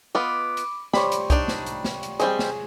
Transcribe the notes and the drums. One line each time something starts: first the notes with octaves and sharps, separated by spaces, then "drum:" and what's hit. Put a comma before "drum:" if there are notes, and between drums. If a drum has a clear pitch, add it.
B3 F4 D#5 B5 D6
drum: hi-hat
G3 C5 C#5 B5, drum: snare
drum: hi-hat
D4 D#4, drum: kick C2, hi-hat
drum: snare
drum: hi-hat
drum: snare
drum: hi-hat
G3 C4 G#4 D#5, drum: hi-hat
drum: snare